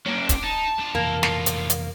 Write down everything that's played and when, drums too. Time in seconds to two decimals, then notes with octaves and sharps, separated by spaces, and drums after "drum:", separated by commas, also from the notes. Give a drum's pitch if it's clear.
0.07 A#3 C#4 D4
0.29 drum: kick, hi-hat
0.44 D#4 A5
0.79 D4 F4
0.95 F2 C3 E3 A#3 E4 A#4
1.23 A2 F4, drum: snare
1.46 drum: hi-hat
1.70 drum: hi-hat